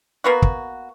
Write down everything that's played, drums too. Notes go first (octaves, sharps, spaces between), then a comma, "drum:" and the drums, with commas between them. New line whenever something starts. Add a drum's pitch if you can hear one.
A#3 B3 F#4
drum: kick